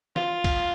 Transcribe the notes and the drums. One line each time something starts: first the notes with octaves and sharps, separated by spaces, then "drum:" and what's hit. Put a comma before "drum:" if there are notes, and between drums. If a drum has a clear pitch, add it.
F4, drum: snare
drum: kick B1, cymbal